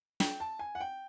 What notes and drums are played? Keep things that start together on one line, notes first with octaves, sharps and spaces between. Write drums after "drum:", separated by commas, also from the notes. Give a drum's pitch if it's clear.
G5, drum: snare
A5
G#5
F#5
G5